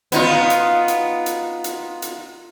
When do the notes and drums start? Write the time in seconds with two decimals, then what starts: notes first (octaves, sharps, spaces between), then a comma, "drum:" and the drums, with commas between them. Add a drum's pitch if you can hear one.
0.12 B3 D#4 F4, drum: hi-hat
0.50 drum: hi-hat
0.88 drum: hi-hat
1.26 drum: hi-hat
1.64 drum: hi-hat
2.02 drum: hi-hat